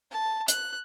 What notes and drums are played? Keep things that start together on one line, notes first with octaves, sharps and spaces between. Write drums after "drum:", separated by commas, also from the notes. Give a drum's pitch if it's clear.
A5
F#6, drum: hi-hat